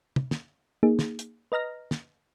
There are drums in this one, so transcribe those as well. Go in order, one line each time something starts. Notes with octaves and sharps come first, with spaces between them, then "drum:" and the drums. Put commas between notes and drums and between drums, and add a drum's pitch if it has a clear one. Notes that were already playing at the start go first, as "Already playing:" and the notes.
drum: tom
drum: snare
A#3 D#4 G#4
drum: snare
drum: hi-hat
B4 D#5 A#5 F6 A#6
drum: snare